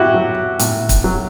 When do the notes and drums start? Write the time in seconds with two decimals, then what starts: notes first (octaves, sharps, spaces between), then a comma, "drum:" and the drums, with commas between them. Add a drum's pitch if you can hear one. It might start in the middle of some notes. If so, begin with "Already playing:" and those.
Already playing: A2 E4 F#4 G4
0.14 F#3
0.59 A2, drum: hi-hat
0.89 drum: kick, hi-hat
1.04 F#3